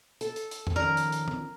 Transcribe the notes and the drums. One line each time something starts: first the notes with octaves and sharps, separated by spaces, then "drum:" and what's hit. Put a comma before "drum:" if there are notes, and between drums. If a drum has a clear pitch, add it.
A4, drum: hi-hat
drum: hi-hat
drum: hi-hat
drum: tom F2
D#3 F3 C#4 A#4 D5
drum: hi-hat
drum: hi-hat
drum: tom